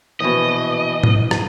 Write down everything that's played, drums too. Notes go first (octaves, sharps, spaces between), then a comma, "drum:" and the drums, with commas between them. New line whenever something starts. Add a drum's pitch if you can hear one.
A#1 B2 E3 D#5
drum: tom G#2
drum: rim click